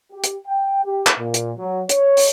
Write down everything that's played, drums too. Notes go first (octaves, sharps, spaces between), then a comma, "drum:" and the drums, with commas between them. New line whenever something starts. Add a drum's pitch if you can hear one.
G4
drum: hi-hat
G5
G4
drum: clap
A#2
drum: hi-hat
F#3
C#5, drum: hi-hat
drum: open hi-hat